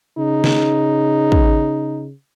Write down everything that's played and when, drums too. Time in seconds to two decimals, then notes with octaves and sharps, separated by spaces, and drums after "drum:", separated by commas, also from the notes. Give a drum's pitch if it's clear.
0.18 C#3 D#4
0.44 drum: snare
1.32 drum: kick